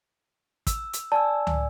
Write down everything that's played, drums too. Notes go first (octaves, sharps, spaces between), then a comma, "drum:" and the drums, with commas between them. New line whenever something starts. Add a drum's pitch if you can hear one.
E6, drum: kick, hi-hat
drum: hi-hat
D5 G#5 A5 E6
drum: tom